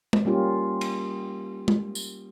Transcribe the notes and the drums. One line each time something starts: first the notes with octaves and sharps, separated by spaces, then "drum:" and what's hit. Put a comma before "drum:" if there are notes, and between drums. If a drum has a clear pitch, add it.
drum: tom
G3 A#3 C#4 F4 G4
drum: cymbal
drum: tom
drum: tambourine